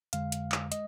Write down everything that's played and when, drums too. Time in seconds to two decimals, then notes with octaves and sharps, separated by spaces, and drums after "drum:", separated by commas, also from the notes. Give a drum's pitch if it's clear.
0.13 F2 D3 G#3 F5, drum: hi-hat
0.32 drum: hi-hat
0.52 drum: clap
0.72 G#3 D#5, drum: hi-hat